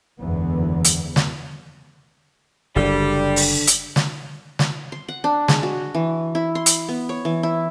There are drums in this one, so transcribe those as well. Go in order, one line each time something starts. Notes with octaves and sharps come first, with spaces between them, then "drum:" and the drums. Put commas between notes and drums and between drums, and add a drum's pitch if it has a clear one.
F#1 E2 G#2 D3 E3 B3
drum: hi-hat
drum: snare
F#1 D3 G3
drum: open hi-hat
drum: hi-hat
drum: snare
drum: snare
C6
F#5
D4
G#3, drum: snare
F#4
E3
E4
C6
drum: hi-hat
B3
C#5
E3
E4